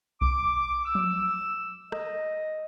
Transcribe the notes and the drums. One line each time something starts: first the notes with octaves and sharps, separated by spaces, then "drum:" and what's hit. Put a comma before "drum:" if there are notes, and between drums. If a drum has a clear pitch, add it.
D6, drum: kick B1
E6
drum: tom F3
D#5, drum: rim click